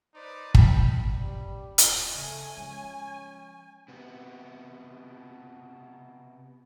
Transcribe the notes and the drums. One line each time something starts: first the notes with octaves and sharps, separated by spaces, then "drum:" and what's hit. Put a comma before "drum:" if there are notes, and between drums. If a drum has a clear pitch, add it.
D#4 B4 C5 D5
G5 B5, drum: kick
F#2 G3
D1 F2, drum: hi-hat
C#3 A3 B3 G#5
F3 G#3 C#4
C3 B3